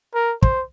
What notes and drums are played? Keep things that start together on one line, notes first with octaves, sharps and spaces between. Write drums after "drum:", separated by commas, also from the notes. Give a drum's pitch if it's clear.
A#4
C5, drum: kick